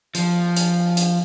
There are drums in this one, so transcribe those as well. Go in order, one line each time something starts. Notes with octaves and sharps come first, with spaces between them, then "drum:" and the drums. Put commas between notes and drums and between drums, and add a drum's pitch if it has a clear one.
F3, drum: hi-hat
drum: hi-hat
drum: hi-hat